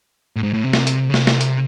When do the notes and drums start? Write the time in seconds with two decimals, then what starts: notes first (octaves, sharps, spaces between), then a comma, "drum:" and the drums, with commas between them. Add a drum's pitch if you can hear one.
0.36 A2
0.43 G#2
0.54 A2
0.64 C3
0.73 drum: snare
0.87 drum: hi-hat
1.09 C#3
1.14 C3, drum: snare
1.27 drum: snare
1.41 drum: hi-hat